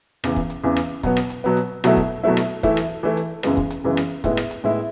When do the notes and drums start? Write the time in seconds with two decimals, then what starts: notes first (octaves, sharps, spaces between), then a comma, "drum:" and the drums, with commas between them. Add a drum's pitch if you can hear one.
0.24 E2 C#3 E3, drum: rim click
0.36 drum: kick
0.50 drum: hi-hat
0.64 E2 C#3 E3
0.77 drum: rim click
1.03 B2 F#3 B3, drum: kick, hi-hat
1.17 drum: rim click
1.30 drum: hi-hat
1.44 B2 F#3 B3
1.57 drum: hi-hat
1.84 B2 F#3 A3 E4, drum: rim click
1.97 drum: kick
2.23 B2 F#3 A3 E4
2.37 drum: rim click
2.63 E3 A3 E4, drum: kick, hi-hat
2.77 drum: rim click
3.03 E3 A3 E4
3.17 drum: hi-hat
3.43 F#2 C#3 E3 G#3 B3, drum: rim click
3.57 drum: kick
3.71 drum: hi-hat
3.84 F#2 C#3 E3 G#3 B3
3.97 drum: rim click
4.24 A2 G#3 B3 E4, drum: kick, hi-hat
4.37 drum: rim click
4.51 drum: hi-hat
4.64 A2 G#3 B3 E4